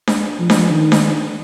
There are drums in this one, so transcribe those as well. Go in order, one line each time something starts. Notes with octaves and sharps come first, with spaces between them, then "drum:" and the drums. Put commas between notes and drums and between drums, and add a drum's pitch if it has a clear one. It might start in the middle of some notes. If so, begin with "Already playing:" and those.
drum: snare D4
F3
drum: snare D4
D#3
drum: snare D4